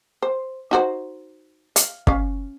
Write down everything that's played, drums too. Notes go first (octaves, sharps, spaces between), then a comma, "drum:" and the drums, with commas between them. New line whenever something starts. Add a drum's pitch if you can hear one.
C5
D#4 F#4 C5
F5, drum: hi-hat
C#4 F5, drum: kick